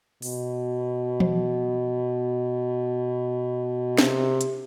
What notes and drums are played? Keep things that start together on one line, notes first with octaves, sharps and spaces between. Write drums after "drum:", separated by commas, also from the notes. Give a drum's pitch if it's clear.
B2, drum: open hi-hat
drum: tom E3
C3, drum: snare
drum: hi-hat